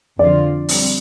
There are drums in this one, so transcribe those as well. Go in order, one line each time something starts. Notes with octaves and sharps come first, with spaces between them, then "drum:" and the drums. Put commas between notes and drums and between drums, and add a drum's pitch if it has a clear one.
F2 D3 F3 C4 F4 D5
G3 C4, drum: open hi-hat